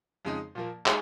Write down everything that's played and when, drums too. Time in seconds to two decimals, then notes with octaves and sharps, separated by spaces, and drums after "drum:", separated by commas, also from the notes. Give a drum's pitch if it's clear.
0.25 F2 C#3 G#3 D#4
0.55 A#2 F3 A#3
0.86 G#3 D#4 G#4, drum: clap